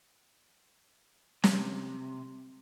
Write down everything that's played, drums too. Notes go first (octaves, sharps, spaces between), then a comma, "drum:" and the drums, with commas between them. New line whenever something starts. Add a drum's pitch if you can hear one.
C3, drum: snare